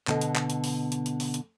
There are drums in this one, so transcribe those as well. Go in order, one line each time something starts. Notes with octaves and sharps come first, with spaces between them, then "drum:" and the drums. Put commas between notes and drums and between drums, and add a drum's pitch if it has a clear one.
B2 D3 B3 D#5, drum: clap
drum: hi-hat
drum: clap
drum: hi-hat
drum: open hi-hat
drum: hi-hat
drum: hi-hat
drum: open hi-hat
drum: hi-hat